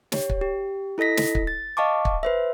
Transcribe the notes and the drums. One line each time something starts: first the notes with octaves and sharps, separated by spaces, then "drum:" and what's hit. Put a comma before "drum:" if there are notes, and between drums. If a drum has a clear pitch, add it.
G4 C#5, drum: snare
drum: kick
G4
E4 A4 D#5 A#6 B6
drum: snare
drum: kick
A6
D#5 F5 A5 C#6 D6
drum: kick
B4 C5 E5